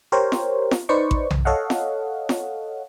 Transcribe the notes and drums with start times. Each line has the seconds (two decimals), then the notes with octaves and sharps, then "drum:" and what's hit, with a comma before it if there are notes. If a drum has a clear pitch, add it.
0.12 G4 A#4 C5 C#5
0.32 drum: snare F4
0.71 drum: snare F4
0.89 D#4 B4 C5 D5 C#6
1.11 drum: kick A1
1.30 drum: tom B1
1.45 A4 C#5 D#5 F5 F#5
1.70 drum: snare F4
2.29 drum: snare F4